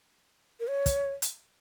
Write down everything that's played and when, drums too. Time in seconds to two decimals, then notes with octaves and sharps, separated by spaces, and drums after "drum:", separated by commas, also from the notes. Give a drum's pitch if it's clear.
0.60 A#4
0.68 C#5
0.86 drum: kick, hi-hat
1.22 drum: hi-hat